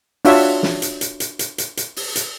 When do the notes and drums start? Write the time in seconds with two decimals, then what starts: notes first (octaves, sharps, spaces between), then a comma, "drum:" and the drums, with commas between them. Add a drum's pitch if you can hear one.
0.25 D4 F4 F#4 C#5 E5, drum: open hi-hat
0.63 drum: snare
0.82 drum: hi-hat
1.01 drum: hi-hat
1.20 drum: hi-hat
1.39 drum: hi-hat
1.58 drum: hi-hat
1.77 drum: hi-hat
1.96 drum: open hi-hat
2.16 drum: hi-hat